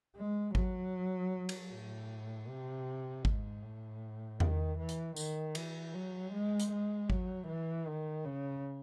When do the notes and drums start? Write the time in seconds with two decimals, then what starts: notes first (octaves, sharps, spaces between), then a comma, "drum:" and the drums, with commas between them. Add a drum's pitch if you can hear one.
0.16 G#3
0.55 F#3, drum: kick G#1
1.49 drum: cymbal
1.71 A2
2.48 C3
3.25 G#2, drum: kick G#1
3.63 A2
4.40 D#3, drum: tom E2
4.79 E3
4.89 drum: hi-hat
5.16 D#3, drum: tambourine
5.55 E3, drum: cymbal
5.94 F#3
6.33 G#3
6.60 drum: hi-hat
6.72 G#3
7.10 F#3, drum: kick G#1
7.48 E3
7.87 D#3
8.25 C#3